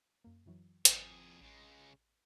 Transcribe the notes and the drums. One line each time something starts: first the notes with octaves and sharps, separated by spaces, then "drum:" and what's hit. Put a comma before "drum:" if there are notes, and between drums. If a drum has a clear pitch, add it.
F#2 A#3
F#2 E3 F#3
G#1 F2 G#4, drum: hi-hat
A1 C#3 G#3